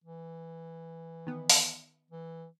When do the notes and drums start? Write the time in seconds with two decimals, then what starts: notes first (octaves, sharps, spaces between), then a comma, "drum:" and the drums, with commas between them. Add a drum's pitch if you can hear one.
0.04 E3
1.27 D#3 B3
1.50 drum: open hi-hat
2.11 E3